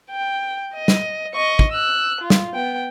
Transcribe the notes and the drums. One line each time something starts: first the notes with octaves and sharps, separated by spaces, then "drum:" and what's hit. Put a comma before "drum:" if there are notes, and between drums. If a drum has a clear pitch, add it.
G5
D#5
drum: snare
D#5 C#6
drum: kick
E6 F#6
F4
drum: snare
B3 G5